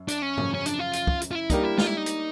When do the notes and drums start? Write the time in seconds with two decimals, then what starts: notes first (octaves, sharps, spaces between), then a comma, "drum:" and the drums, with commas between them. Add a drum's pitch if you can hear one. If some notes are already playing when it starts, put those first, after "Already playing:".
Already playing: F#2
0.08 D4, drum: hi-hat
0.22 C#4
0.37 F#2 C#3 F3, drum: tom G#2
0.54 C#4
0.66 D4, drum: hi-hat
0.79 F4
0.93 drum: hi-hat
1.07 drum: kick
1.21 drum: hi-hat
1.31 F4
1.35 E4
1.50 G3 A#3 D4 D#4 G4 A#4, drum: kick, hi-hat
1.64 E4
1.78 F4, drum: snare
1.87 E4
1.97 D#4
2.06 drum: hi-hat